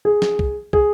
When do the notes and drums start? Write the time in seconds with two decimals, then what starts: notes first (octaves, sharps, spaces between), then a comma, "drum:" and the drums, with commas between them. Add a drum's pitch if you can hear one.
0.05 G#4
0.22 drum: snare
0.39 drum: kick
0.73 G#4, drum: kick